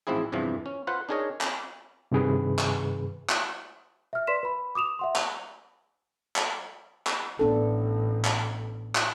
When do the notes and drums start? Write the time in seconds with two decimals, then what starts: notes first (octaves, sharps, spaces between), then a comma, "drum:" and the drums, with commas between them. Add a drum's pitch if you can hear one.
0.07 A1 G#2 F3 C4 E4 G#4
0.32 E2 G2 C3 E3 F3
0.66 C#4
0.87 F4 B4 C5 F#5
1.09 D4 D#4 G#4 A#4 C#5 D#5
1.41 drum: clap
2.11 G2 C3 D#3 G#4 B4
2.59 drum: clap
3.29 drum: clap
4.13 E5 F6
4.27 B4 D5 C6 B6 E7
4.43 B4 B5
4.75 D6 D#6 E7 F7
4.99 E5 F#5 C6
5.16 F7, drum: clap
6.36 drum: clap
7.07 drum: clap
7.39 A1 B3 D4 A4
8.25 drum: clap
8.95 drum: clap